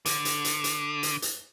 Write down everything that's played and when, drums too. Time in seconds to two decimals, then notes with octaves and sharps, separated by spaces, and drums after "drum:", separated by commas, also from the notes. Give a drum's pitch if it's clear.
0.06 D3, drum: hi-hat
0.25 drum: hi-hat
0.44 drum: hi-hat
0.64 drum: hi-hat
1.03 drum: hi-hat
1.22 drum: hi-hat